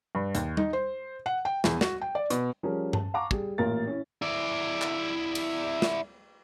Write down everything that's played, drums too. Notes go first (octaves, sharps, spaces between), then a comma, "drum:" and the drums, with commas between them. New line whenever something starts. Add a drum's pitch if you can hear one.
G2
D#2, drum: hi-hat
D#4, drum: tom G3
C5
F#5
G5
E2, drum: snare
F#4, drum: snare
G5
D5
B2, drum: hi-hat
F3 G3 C#4 G#4 A#4
A5, drum: tom G2
F5 F#5 A5 A#5 C#6 D6
G3 G#4, drum: kick
A1 A#2 F4 A#4 A6
C#4 E4
E4 D5
drum: clap
drum: cymbal
drum: snare